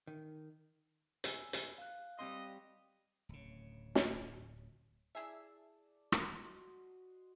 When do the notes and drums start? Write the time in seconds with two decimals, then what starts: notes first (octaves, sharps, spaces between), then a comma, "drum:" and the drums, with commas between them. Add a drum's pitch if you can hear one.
0.07 D#3
1.24 G#5 E6, drum: hi-hat
1.53 drum: hi-hat
1.78 F5 F#6
2.19 G3 C4 D#5 C6
3.29 D1 C#3
3.95 drum: snare
5.15 E4 G#4 D5 E5 A5
6.12 F#4 D#5 C6, drum: rim click